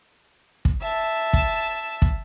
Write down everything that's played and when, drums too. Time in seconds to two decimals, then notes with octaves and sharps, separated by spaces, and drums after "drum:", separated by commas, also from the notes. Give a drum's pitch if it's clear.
0.65 drum: kick
0.82 E5 A5
1.33 drum: kick
2.02 drum: kick